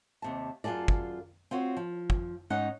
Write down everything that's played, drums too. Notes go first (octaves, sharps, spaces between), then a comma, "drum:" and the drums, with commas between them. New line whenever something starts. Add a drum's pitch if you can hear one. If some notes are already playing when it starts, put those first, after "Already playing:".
D#2 C3 A5
F#2 F4 G#4 A4 D5
drum: kick
C4 F4 F#4 C#5
F3
drum: kick
G#2 C#4 D#4 F#5